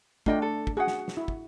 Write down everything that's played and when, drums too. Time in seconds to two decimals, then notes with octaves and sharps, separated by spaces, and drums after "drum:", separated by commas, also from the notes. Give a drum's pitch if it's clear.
0.26 A3 D4 F4 D#5 G5, drum: kick
0.42 A4
0.67 drum: kick
0.77 F#4 G#4 F#5
0.87 drum: snare
1.08 drum: snare
1.17 E4
1.28 drum: kick